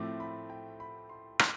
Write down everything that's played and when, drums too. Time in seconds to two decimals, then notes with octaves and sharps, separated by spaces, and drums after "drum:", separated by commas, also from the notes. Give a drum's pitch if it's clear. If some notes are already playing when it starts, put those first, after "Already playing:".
Already playing: A2 F3 A3 C4 D6
0.20 B5
0.50 G5
0.80 B5
1.09 C6
1.39 D6, drum: rim click